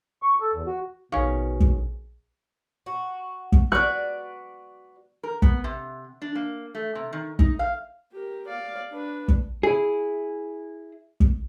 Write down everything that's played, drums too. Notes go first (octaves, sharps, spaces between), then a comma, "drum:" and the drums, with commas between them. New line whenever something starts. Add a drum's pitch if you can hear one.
C#6
A4
E2
F#4
A#1 B2 D#3 C#4 G#4 F5 C#6
drum: kick
F#4
drum: kick
F#4 B4 D5 F#6
A#4
B3, drum: kick
C3
D4
A#3
A3
C3
D#3
D#4, drum: kick
F5
G4 A#4
D5 F5
D4 B4
drum: kick
E4 G#4
drum: kick